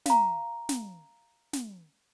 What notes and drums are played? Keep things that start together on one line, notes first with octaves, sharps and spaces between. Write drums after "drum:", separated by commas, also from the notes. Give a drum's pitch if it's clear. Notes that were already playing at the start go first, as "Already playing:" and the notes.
F5 A#5, drum: snare
drum: snare
drum: snare